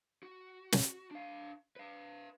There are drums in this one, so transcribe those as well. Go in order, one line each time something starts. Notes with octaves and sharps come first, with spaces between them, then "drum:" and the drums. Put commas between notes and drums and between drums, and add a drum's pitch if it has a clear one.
F#4
drum: snare
D4 F5
B4 F5